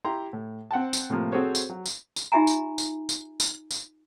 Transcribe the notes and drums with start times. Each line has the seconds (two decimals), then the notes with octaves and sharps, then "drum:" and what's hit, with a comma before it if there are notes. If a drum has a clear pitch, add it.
0.05 E4 G4 A#5 C6
0.33 A2
0.71 C4 F#5 G5 A5
0.93 drum: tambourine
1.10 A2 C3 F3 A#3
1.32 C4 F#4 G#4 A4 C5 C#5
1.55 drum: tambourine
1.70 F#3
1.86 drum: tambourine
2.16 drum: tambourine
2.32 D#4 F4 G4 E5 G#5 A#5
2.47 drum: tambourine
2.78 drum: tambourine
3.09 drum: tambourine
3.40 drum: tambourine
3.71 drum: tambourine